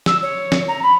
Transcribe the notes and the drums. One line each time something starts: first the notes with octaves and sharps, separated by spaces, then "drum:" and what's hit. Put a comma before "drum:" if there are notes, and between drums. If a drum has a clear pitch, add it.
E6, drum: snare
C#5
drum: snare
A#5
B5